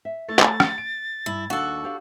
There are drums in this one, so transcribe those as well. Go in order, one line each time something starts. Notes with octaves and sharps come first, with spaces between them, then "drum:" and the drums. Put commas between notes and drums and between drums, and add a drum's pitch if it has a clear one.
E5
A3 A6
drum: clap
drum: rim click
D7
G2 E4
D#2 D4 F#4 A4 F5
G4 D5 F5